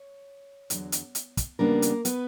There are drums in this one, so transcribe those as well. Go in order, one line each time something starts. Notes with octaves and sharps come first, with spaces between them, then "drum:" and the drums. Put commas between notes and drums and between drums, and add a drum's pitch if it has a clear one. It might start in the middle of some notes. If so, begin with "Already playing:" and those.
Already playing: C#5
E2 D3 F#3, drum: hi-hat
drum: hi-hat
drum: hi-hat
drum: kick, hi-hat
E2 C#3 G3 A#3 B3 D4 A#4
drum: hi-hat
B3 B4, drum: hi-hat